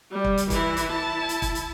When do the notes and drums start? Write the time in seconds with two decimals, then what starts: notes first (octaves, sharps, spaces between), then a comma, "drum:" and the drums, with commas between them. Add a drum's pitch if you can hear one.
0.11 G3
0.24 drum: kick
0.38 drum: hi-hat
0.50 E3 E4, drum: kick, hi-hat
0.77 drum: hi-hat
0.92 E4 A5
1.29 drum: hi-hat
1.42 drum: kick, hi-hat
1.55 drum: hi-hat